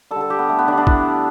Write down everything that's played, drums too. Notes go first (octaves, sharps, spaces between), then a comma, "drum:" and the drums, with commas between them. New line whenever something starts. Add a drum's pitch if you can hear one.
G3 A4
D3
A4
G4
B3
A3
B3
D3 D4
G3
D4
E4, drum: kick A#1